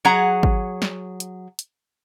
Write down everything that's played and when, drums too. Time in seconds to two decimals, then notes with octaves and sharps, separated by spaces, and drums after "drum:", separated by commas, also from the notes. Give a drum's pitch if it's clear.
0.05 F#3 G#4 F#5 A#5
0.43 drum: kick G#1
0.82 drum: snare
1.20 drum: hi-hat
1.59 drum: hi-hat